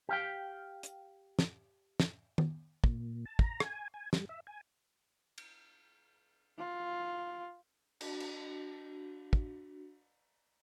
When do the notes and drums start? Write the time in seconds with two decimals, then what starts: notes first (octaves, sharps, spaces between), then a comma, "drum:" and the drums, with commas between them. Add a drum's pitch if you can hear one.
0.09 G4 F5 G5
0.83 drum: hi-hat
1.39 drum: snare
2.00 drum: snare
2.38 drum: tom D#3
2.84 A#2, drum: kick
3.25 A5
3.39 A#5, drum: kick
3.60 G#5, drum: rim click
3.94 G#5
4.13 G3, drum: snare
4.29 E5
4.47 G#5
5.38 drum: cymbal
6.58 F4
8.01 D4 F#4, drum: cymbal
8.20 drum: cymbal
9.33 drum: kick